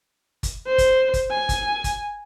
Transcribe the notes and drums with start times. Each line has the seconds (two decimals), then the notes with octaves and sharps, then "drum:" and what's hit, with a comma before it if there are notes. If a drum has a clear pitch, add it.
0.43 drum: kick, hi-hat
0.67 C5
0.78 drum: kick, hi-hat
1.14 drum: kick, hi-hat
1.31 G#5
1.49 drum: kick, hi-hat
1.84 drum: kick, hi-hat